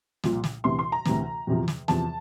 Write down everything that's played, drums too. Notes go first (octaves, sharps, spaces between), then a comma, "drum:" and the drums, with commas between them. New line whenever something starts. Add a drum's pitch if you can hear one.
C2 A#2 F3, drum: snare
drum: snare
D2 C3 E3 C6
C6
A#5
D2 C3 E3, drum: snare
E2 C3 F3
drum: snare
E2 C3 F3 A5, drum: snare